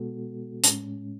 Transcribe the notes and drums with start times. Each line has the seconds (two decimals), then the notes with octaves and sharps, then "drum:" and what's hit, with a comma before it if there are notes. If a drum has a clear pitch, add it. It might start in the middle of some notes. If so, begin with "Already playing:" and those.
Already playing: B2 G#3 B3 F#4 A4
0.64 A2 G#3 C#4, drum: hi-hat